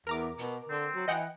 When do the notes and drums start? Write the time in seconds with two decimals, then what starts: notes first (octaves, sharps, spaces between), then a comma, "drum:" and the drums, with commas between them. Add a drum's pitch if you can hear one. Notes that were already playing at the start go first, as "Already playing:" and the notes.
0.07 E2 A#4 A#5 D6
0.38 B2, drum: hi-hat
0.69 D3 C4
0.95 F#3
1.08 E3 D#5 F#5 G5, drum: hi-hat